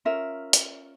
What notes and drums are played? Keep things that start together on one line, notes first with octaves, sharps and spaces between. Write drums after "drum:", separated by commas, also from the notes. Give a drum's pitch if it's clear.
C#4 F4 A#4 E5
drum: hi-hat